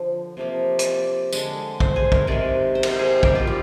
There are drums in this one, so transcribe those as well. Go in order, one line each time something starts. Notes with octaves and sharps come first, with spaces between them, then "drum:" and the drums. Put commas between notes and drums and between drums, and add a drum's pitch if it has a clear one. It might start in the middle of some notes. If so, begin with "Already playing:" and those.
Already playing: D3 F3
C3 F3 A#3
D#5, drum: hi-hat
D5
D3 G#3, drum: tambourine
C5, drum: kick A#1
G#4
A#4, drum: kick A#1
C3 D#3 G#3 D5
C5
A#4, drum: cymbal
C5
G#4
D#3 G3 A#3 G4, drum: kick A#1
F4
G4